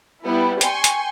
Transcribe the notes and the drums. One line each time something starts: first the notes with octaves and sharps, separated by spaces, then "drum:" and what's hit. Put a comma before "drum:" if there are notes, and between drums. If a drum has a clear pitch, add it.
G3 B3 E4
G5 G#5 C6 C#6, drum: hi-hat
drum: hi-hat